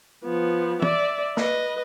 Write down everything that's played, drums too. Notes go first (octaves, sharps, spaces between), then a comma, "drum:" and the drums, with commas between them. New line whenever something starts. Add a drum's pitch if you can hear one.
F3 B3
D5 E5, drum: tom
B4 D#5, drum: snare